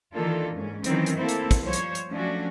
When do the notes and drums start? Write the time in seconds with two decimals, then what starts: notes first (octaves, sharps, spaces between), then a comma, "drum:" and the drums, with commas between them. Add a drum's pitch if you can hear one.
0.13 D#3 E3 A#3 D4 F4 A4
0.54 G#2 C#4
0.84 D#3 E3 F#3 C4 C#4 D#4, drum: hi-hat
1.06 drum: hi-hat
1.17 A3 A#3 C4 E4 A4
1.29 drum: hi-hat
1.51 drum: kick, hi-hat
1.63 F3 G3 C5 C#5
1.73 drum: hi-hat
1.95 drum: hi-hat
2.10 F3 F#3 A3 C#4 D4 F#4